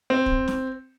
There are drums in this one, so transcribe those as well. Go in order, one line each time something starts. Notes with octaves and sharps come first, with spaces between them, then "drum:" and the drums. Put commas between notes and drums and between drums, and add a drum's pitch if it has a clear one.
C4
drum: kick
drum: snare